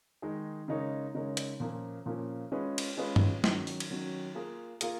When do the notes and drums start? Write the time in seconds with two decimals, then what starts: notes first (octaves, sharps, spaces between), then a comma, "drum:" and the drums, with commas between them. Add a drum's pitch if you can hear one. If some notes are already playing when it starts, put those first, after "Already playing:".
0.22 D#3 G#3 D#4 G#4
0.68 C#3 G#3 D#4 A#4 C#5
1.14 C#3 G#3 D#4 A#4 C#5
1.37 drum: hi-hat
1.60 A#2 F3 A#3 C#4
2.06 A#2 F3 A#3 C#4
2.52 G#3 C#4 F4 G#4 B4
2.78 drum: cymbal
2.97 G#3 C#4 F4 G#4 B4
3.16 drum: tom G2
3.44 D#3 F#3 C#4, drum: snare
3.67 drum: open hi-hat
3.80 drum: cymbal
3.90 D#3 F#3 C#4
4.35 A#3 F4 G#4
4.81 A#3 F4 G#4, drum: hi-hat